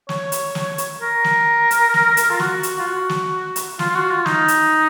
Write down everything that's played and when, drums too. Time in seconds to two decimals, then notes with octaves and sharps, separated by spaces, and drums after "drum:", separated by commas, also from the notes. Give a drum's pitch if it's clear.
0.09 C#5, drum: snare
0.32 drum: hi-hat
0.55 drum: snare
0.78 drum: hi-hat
1.02 A#4
1.24 drum: snare
1.71 drum: hi-hat
1.94 drum: snare
2.17 drum: hi-hat
2.30 F4
2.39 F#4, drum: snare
2.63 drum: hi-hat
2.79 F4
2.87 F#4
3.09 drum: snare
3.56 drum: hi-hat
3.79 F4, drum: snare
3.90 F4
3.95 F#4
4.10 F4
4.26 D#4, drum: snare
4.48 drum: hi-hat